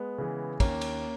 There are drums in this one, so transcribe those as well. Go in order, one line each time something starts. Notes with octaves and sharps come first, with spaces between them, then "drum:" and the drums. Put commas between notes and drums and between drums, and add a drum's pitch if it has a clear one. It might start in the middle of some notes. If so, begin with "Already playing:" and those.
Already playing: G#3 B3
C#3 E3
D#2 A#3 C#4, drum: kick, cymbal
drum: cymbal